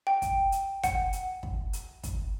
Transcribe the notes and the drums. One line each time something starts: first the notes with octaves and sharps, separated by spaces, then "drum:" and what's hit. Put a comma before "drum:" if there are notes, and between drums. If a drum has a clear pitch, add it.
G5
drum: kick, hi-hat
drum: hi-hat
F#5, drum: kick, hi-hat
drum: hi-hat
drum: kick
drum: hi-hat
drum: kick, hi-hat